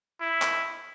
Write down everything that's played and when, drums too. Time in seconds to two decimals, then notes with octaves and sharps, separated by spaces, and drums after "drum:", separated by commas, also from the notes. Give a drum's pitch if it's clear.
0.21 E4
0.42 drum: clap